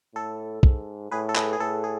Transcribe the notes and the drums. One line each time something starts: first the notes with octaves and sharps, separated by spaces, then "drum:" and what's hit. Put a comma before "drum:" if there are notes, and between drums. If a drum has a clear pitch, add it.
A2 A4
G#2, drum: kick B1
A2 G#4 B4
A4
G#4 B4, drum: clap
G#4
A2 A4
G#4